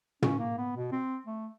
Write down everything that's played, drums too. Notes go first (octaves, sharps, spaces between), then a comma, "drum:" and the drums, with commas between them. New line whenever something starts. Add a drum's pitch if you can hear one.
C#4, drum: tom
A#3
B3
B2
C4
A3